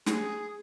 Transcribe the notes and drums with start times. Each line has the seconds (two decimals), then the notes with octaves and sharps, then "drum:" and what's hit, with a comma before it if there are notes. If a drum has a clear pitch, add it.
0.06 G#4, drum: snare